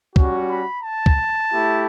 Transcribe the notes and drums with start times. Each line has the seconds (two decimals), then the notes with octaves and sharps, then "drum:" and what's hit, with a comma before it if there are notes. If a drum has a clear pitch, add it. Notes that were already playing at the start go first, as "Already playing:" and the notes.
0.16 G3 C#4 F#4, drum: kick
0.49 B5
0.83 A5
1.06 drum: kick
1.51 A3 E4 G4